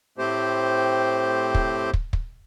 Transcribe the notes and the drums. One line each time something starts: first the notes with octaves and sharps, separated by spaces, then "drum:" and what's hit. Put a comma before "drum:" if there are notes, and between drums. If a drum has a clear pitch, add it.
A2 A3 C4 G4 C5
drum: kick
drum: kick
drum: kick